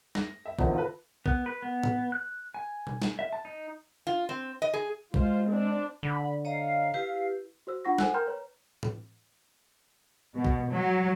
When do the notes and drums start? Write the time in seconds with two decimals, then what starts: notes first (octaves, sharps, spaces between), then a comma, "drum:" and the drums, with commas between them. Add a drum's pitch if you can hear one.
0.15 A#6, drum: snare
0.46 E5
0.59 E2 A#2 D3 D#3 C5, drum: kick
0.73 F4 A4 B4
1.26 B3, drum: kick
1.46 B4
1.62 B3
1.83 drum: tom A2
2.12 F#6
2.54 G#5
2.87 drum: tom B2
3.02 drum: snare
3.19 E5
3.33 A5
3.45 D#4
4.07 F4
4.29 C4
4.62 D#5
4.74 G#4
5.14 G#3 F4 C5, drum: kick
5.49 C4 D4
6.03 D3 B5
6.45 C#5 D#5 F5 A#5
6.94 E4 G4 B4
7.67 F#4 C5 E6
7.85 D4 F4 F#5 C#6 A#6
7.98 A4 C5 F#5 G#5 E6 F#6, drum: snare
8.14 A#4 G5 A#5 C6 F6 G6
8.27 B4 C#5 A#5
8.83 drum: tom A2
10.35 B2
10.45 drum: kick
10.70 F#3